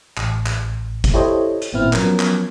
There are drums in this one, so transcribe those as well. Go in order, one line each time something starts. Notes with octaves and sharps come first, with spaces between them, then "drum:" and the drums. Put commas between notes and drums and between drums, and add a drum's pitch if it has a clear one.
A1, drum: clap
drum: clap
drum: kick, hi-hat
E4 G4 A4 C5 C#5 D#5
drum: hi-hat
G#1 A#2 B3 C4 E4 F6
F3 F#3 B3 C#4 A#4, drum: clap
drum: clap